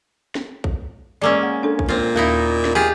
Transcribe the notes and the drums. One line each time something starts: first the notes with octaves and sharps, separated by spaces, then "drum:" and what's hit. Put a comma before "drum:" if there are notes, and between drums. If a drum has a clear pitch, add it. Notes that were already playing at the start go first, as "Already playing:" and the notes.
drum: snare
drum: kick A#1
G#3 A#3 C#4 D5 D6 E6
F#5
D4 A4
drum: kick A#1
A#2 C4 F4
D#2 A#3 D#4 E4
drum: snare
F4 G4 G#4